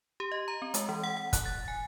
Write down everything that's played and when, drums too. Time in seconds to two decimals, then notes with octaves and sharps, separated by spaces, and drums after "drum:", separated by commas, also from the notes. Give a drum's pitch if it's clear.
0.20 G4
0.32 D#5
0.48 A#5
0.62 C4
0.74 G#3, drum: hi-hat
0.89 E3
1.04 F#5
1.17 F#5
1.33 F#6, drum: kick, hi-hat
1.45 A6
1.68 G#5